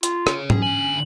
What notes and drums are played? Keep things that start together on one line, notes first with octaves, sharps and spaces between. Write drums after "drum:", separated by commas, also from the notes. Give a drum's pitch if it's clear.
F4, drum: hi-hat
G#4 C#5, drum: rim click
C#4 G#4, drum: tom
D3 G#5 F#7